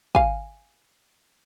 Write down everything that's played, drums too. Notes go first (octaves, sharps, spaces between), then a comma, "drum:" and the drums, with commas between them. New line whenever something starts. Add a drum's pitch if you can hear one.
F5 G#5, drum: kick